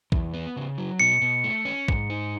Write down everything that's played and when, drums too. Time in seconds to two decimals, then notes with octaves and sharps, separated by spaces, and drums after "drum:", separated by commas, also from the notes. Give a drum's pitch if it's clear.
0.12 E2, drum: kick
0.34 B3
0.57 C#3
0.78 F#3
1.00 B2 C#7
1.22 B2
1.44 A3
1.65 C#4
1.88 G#2, drum: kick
2.10 D#4